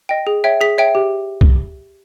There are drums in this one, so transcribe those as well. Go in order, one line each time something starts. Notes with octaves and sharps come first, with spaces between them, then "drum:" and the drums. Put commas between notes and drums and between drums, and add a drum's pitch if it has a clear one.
D#5 G5
G#4
C#5 E5 G5
G#4 B6
C#5 E5 G5
G4
drum: kick C2